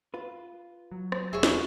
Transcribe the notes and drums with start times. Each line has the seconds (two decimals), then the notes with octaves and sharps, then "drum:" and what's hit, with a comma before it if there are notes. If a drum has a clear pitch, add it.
0.14 F4 B4
0.92 F#3
1.12 drum: rim click
1.33 E1 G#4 C#5 E5
1.43 drum: snare